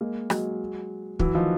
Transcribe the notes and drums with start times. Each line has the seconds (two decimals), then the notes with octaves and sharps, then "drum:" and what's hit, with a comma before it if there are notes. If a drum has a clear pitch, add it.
0.01 G#3 A#3
0.30 F#3 G#3, drum: rim click
1.19 E3 F#3, drum: kick
1.34 D#3 F3